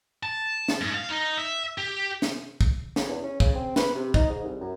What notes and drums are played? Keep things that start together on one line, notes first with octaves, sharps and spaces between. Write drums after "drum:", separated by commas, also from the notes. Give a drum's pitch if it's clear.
A5
drum: snare
G#2
F5
D#4
E5
G4
drum: snare
drum: kick
C#3, drum: snare
E2
C#4
C#3, drum: kick
C4
B4, drum: snare
C3
D#4, drum: kick
G#2
C2
F#2